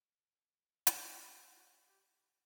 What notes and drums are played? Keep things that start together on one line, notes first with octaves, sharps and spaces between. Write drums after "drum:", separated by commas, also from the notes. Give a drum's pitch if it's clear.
G4, drum: hi-hat
G4
F#4
G4